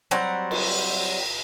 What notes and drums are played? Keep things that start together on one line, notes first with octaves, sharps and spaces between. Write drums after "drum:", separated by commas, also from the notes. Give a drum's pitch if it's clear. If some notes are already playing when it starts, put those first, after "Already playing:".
F#3 G3 C4 F#5
drum: cymbal